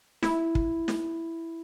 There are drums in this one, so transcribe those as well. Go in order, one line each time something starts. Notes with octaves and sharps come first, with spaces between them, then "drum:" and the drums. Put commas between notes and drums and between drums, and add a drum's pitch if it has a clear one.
E4, drum: snare
drum: kick
drum: snare